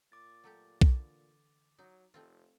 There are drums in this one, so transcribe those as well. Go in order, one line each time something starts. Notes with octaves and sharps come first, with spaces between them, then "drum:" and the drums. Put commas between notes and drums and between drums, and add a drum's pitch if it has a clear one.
A#2 D6 A6
F#3 A3 G4
D3 E3, drum: kick B1
F#3 D#4
F1 A3 C4 F4